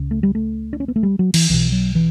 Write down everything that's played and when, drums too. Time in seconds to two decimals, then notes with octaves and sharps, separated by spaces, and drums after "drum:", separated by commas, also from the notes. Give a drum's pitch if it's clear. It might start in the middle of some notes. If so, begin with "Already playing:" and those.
Already playing: C#2 C#3
0.11 A3
0.23 G3
0.35 A3
0.73 D4
0.80 C#4
0.88 B3
0.96 A3
1.03 G3
1.19 F#3
1.34 E3, drum: cymbal
1.49 B1 B2 E3
1.72 F#3
1.95 E3